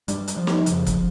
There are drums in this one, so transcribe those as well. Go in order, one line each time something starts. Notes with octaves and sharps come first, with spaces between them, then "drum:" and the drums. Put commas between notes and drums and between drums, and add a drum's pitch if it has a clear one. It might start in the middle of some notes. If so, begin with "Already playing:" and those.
G2 G3, drum: hi-hat
drum: hi-hat
F3
drum: snare
F2 C#3, drum: hi-hat
drum: kick, hi-hat